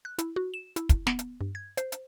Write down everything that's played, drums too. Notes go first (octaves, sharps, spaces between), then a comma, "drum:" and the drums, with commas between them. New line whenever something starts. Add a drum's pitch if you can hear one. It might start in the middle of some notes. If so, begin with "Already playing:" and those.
F#6
E4, drum: hi-hat
F#4
E7
E4, drum: hi-hat
drum: kick, hi-hat
B3, drum: snare
drum: hi-hat
G2
G#6
C5, drum: hi-hat
drum: hi-hat